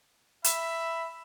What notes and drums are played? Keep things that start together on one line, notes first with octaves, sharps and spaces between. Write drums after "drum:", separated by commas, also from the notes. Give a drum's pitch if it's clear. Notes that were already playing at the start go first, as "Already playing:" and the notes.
E5 B5, drum: hi-hat